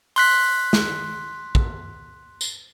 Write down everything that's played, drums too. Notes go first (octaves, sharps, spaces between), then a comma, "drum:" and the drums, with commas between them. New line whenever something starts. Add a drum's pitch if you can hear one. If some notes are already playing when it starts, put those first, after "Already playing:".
C6 F#6 B6, drum: open hi-hat
drum: snare
drum: kick
drum: tambourine